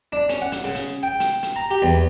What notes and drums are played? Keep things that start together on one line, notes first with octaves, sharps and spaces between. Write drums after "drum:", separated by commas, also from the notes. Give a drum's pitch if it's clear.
D4
C#4, drum: hi-hat
F#5
drum: hi-hat
C#3
drum: hi-hat
G5
drum: hi-hat
drum: hi-hat
A#5
G4
E2